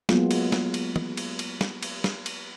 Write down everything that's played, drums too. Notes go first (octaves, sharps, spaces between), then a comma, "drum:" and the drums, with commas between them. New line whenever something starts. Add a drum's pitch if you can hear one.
F#3 G#3 A#3 B3 F4 G#4, drum: snare
drum: cymbal
drum: snare
drum: cymbal
drum: tom
drum: cymbal
drum: cymbal
drum: snare
drum: cymbal
drum: snare
drum: cymbal